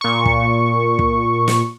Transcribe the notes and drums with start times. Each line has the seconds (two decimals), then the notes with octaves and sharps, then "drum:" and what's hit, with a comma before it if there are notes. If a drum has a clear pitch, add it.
0.01 A#2 C#6
0.25 drum: kick
0.99 drum: kick
1.48 drum: snare